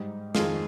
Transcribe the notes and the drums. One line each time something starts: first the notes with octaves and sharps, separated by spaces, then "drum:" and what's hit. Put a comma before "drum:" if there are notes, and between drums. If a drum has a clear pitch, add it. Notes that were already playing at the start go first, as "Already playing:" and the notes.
Already playing: G#2 G3 D#4
F2 D#3 G#3 F4 G#4, drum: snare